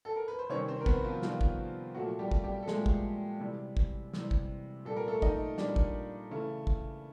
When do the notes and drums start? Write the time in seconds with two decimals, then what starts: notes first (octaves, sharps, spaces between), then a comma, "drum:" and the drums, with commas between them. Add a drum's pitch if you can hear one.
0.05 A4
0.16 A#4
0.28 B4
0.39 C5
0.50 C3 D#3 G3 C#4 C#5
0.68 C4 C5
0.81 A#4
0.86 B3 B4, drum: kick
1.04 F3 F4
1.22 C3 D#3 F3 G3 F4, drum: snare
1.41 drum: kick
1.95 A#2 F3 F#3 A3 F#4
2.19 G3 G4
2.31 drum: kick
2.44 G3 G4
2.63 A4
2.68 A#2 F3 G#3 A3 G#4, drum: snare
2.86 drum: kick
3.40 C3 E3 G3
3.77 drum: kick
4.14 C3 E3 G3, drum: snare
4.31 drum: kick
4.85 A#2 G3 A4
4.97 A#4
5.08 A3 A4
5.22 D#4 D#5, drum: kick
5.58 A#2 G3 D4 D5, drum: snare
5.76 drum: kick
6.31 C#3 E3 A3
6.67 drum: kick